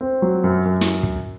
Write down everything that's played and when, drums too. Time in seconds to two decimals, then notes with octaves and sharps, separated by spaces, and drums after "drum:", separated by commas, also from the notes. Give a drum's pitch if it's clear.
0.01 C4
0.22 F#3
0.44 F#2
0.65 F#2
0.81 drum: snare
1.03 drum: kick